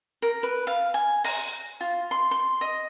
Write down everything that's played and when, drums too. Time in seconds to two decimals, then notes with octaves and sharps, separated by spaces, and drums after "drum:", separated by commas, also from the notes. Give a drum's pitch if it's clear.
0.22 A#4
0.43 B4
0.67 F5
0.94 G#5
1.24 A#5, drum: open hi-hat
1.81 F4
2.11 C6
2.31 C6
2.61 D#5